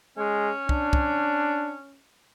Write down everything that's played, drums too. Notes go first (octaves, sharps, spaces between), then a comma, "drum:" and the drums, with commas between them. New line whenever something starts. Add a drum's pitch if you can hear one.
G#3 C#4
D4, drum: kick
drum: kick